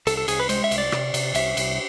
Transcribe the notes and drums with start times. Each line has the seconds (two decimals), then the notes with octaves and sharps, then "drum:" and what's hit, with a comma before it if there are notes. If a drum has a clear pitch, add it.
0.07 C2 A4, drum: cymbal
0.17 A4
0.28 C2 G#4, drum: cymbal
0.40 B4
0.49 G#3 C5, drum: cymbal
0.64 E5
0.71 C2, drum: cymbal
0.78 D5
0.92 C3, drum: rim click
1.14 C3, drum: cymbal
1.35 C2 E5, drum: cymbal
1.57 C2, drum: cymbal